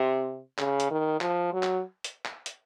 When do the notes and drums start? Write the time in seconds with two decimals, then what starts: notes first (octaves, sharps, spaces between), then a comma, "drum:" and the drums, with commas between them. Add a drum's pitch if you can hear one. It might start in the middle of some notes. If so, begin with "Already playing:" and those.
Already playing: C3
0.58 C#3, drum: clap
0.80 drum: hi-hat
0.91 D#3
1.21 F3, drum: clap
1.53 F#3
1.63 drum: clap
2.04 drum: hi-hat
2.25 drum: clap
2.46 drum: hi-hat